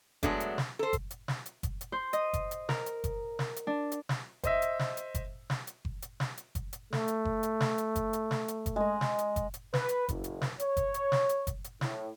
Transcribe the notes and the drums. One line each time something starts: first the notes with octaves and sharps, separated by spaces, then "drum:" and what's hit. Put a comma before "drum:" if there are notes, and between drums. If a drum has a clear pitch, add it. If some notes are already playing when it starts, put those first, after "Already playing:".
F#3 G#3 A3 B3 D4, drum: kick F#1, hi-hat
drum: hi-hat
drum: snare
A4 C5
drum: kick F#1, hi-hat
drum: hi-hat
drum: snare
drum: hi-hat
drum: kick F#1, hi-hat
drum: hi-hat
C5
D#5, drum: hi-hat
drum: kick F#1, hi-hat
drum: hi-hat
A#4, drum: snare
drum: hi-hat
drum: kick F#1, hi-hat
drum: snare
drum: hi-hat
D4
drum: hi-hat
drum: snare
C5 D#5 E5, drum: kick F#1, hi-hat
drum: hi-hat
drum: snare
drum: hi-hat
drum: kick F#1, hi-hat
drum: snare
drum: hi-hat
drum: kick F#1
drum: hi-hat
drum: snare
drum: hi-hat
drum: kick F#1, hi-hat
drum: hi-hat
A3, drum: snare
drum: hi-hat
drum: kick F#1
drum: hi-hat
drum: snare
drum: hi-hat
drum: kick F#1, hi-hat
drum: hi-hat
drum: snare
drum: hi-hat
drum: kick F#1, hi-hat
G#3 D#5
drum: snare
drum: hi-hat
drum: kick F#1, hi-hat
drum: hi-hat
B4, drum: snare
drum: hi-hat
F#1, drum: kick F#1, hi-hat
drum: hi-hat
drum: snare
C#5, drum: hi-hat
drum: kick F#1, hi-hat
drum: hi-hat
drum: snare
drum: hi-hat
drum: kick F#1, hi-hat
drum: hi-hat
A2, drum: snare